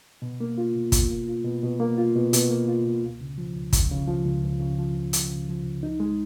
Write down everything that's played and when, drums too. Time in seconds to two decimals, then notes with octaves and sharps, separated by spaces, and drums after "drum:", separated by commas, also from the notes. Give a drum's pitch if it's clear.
0.22 B2
0.41 A#3
0.58 F4
0.76 B2
0.92 B2, drum: kick, hi-hat
1.10 A#3
1.28 F4
1.45 B2
1.63 B2
1.80 A#3
1.98 F4
2.16 B2
2.33 B2, drum: hi-hat
2.50 A#3
2.68 F4
2.85 B2
3.02 C#2
3.21 C#3
3.38 F3
3.56 C#2
3.73 C#2, drum: kick, hi-hat
3.91 C#3
4.07 F3
4.25 C#2
4.43 C#2
4.60 C#3
4.78 F3
4.95 C#2
5.13 C#2, drum: hi-hat
5.31 C#3
5.48 F3
5.65 C#2
5.83 D#4
6.00 G#3